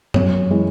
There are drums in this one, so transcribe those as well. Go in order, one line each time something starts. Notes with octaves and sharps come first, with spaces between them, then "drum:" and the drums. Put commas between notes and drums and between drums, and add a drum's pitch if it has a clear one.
F#2 C#5, drum: tom G2
E3 G#3